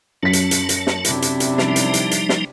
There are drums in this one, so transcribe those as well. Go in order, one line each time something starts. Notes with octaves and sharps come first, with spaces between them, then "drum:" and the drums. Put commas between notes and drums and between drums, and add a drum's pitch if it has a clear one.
F#2 F#3 A5 B6
drum: hi-hat
drum: hi-hat
drum: hi-hat
drum: snare
C3 D4 E4, drum: hi-hat
drum: hi-hat
drum: hi-hat
F3 G3 D#4, drum: snare
drum: hi-hat
drum: hi-hat
drum: hi-hat
drum: snare